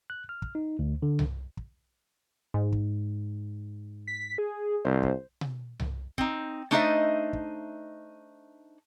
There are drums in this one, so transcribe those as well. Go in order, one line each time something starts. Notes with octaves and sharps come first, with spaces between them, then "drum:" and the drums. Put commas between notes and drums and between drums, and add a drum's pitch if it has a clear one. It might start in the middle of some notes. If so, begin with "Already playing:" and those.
F#6
F6
drum: kick
D#4
D2
D3
drum: tom C2
drum: kick
G#2
drum: kick
B6
G#4
C2 C5
drum: kick
drum: tom B2
drum: tom C2
C4 D#4, drum: kick
A3 D4 D#4 C5 D#5 E5
drum: kick